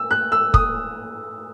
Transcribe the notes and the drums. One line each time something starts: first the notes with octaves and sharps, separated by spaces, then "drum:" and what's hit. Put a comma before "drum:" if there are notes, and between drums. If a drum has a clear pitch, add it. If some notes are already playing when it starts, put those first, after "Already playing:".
Already playing: E6
F#6
E6
D#6, drum: kick